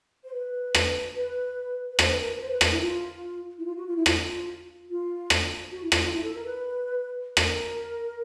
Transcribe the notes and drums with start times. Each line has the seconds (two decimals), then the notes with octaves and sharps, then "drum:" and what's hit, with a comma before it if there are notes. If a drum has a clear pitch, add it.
0.24 C5
0.33 B4
0.75 drum: rim click
1.15 B4
1.90 B4
1.99 C5, drum: rim click
2.09 B4
2.20 A#4
2.36 B4
2.41 C5
2.51 B4
2.61 A#4, drum: rim click
2.71 E4
2.81 F4
3.58 E4
3.65 F4
3.75 F#4
3.85 F4
3.96 E4
4.06 F4, drum: rim click
4.89 F4
5.30 drum: rim click
5.72 F#4
5.82 E4
5.92 F4, drum: rim click
6.03 F4
6.13 E4
6.23 A4
6.34 A#4
6.44 B4
7.37 A#4, drum: rim click